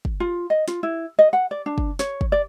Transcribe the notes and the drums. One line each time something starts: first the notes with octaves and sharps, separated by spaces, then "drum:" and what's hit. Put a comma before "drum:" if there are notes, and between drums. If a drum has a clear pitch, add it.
drum: kick
F4
D#5
F4, drum: snare
E4
D#5
F#5
D5
D4
drum: kick
C#5, drum: snare
drum: kick
D5